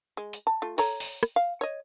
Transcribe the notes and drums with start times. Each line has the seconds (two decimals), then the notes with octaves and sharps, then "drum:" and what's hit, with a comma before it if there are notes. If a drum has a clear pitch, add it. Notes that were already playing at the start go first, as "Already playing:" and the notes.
0.17 G#3
0.33 drum: hi-hat
0.47 A5
0.62 A3 F4
0.78 A4 C#5 A#5, drum: open hi-hat
1.00 drum: open hi-hat
1.23 drum: rim click
1.36 F5
1.61 C#5 D#5